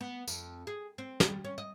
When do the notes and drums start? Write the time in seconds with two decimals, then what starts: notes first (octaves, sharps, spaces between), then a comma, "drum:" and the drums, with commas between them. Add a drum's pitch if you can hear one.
0.01 B3
0.28 F2, drum: tambourine
0.67 G#4
0.98 C4
1.20 G3, drum: snare
1.44 C#4
1.58 D#5